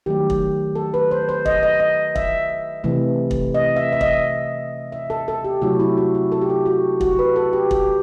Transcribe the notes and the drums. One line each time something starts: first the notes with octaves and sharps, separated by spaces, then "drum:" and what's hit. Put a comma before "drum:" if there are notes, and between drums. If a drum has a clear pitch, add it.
D#3 F#3 A3 G4
drum: kick
A4
B4
C5
C5
D#5, drum: kick
D#5
D#5
E5, drum: kick
C3 E3 A3
drum: kick
D#5
E5
E5
D#5, drum: kick
E5
A4
A4
G4
C3 F#3 A3 E4 F#4
E4
F#4
F#4
A4
G4
A4
F#4
F#4, drum: kick
B4
A4
G4
G4, drum: kick